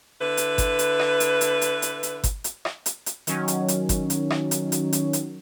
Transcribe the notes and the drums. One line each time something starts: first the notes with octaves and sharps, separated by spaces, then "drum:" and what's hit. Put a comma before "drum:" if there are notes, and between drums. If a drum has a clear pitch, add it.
D3 E4 B4
drum: hi-hat
drum: kick G1, hi-hat
drum: hi-hat
drum: rim click
drum: hi-hat
drum: hi-hat
drum: hi-hat
drum: hi-hat
drum: hi-hat
drum: kick G1, hi-hat
drum: hi-hat
drum: rim click
drum: hi-hat
drum: hi-hat
D#3 F#3 C#4, drum: hi-hat
drum: hi-hat
drum: hi-hat
drum: kick G1, hi-hat
drum: hi-hat
drum: rim click
drum: hi-hat
drum: hi-hat
drum: hi-hat
drum: hi-hat